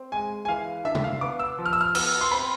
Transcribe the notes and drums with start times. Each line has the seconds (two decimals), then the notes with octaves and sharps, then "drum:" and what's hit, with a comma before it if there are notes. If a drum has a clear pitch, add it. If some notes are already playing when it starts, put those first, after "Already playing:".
Already playing: C4
0.12 G#3 G#5
0.45 G#5
0.48 E3 F5
0.85 D4 E5
0.95 drum: tom C3
1.04 F5
1.21 B3 D6
1.39 E6
1.58 F3
1.66 F6
1.73 E6
1.81 F6
1.95 B3 E6, drum: cymbal
2.21 C6
2.31 C4 B5